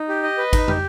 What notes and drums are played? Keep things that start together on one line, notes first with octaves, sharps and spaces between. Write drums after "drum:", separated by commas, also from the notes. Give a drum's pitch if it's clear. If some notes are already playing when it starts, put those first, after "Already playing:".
Already playing: D#4
G4
D#5
B4
D#4, drum: kick G#1, cymbal
G4, drum: tom